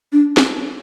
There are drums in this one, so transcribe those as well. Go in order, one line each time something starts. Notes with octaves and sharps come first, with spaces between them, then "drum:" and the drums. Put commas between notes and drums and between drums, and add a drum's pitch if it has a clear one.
D4
drum: snare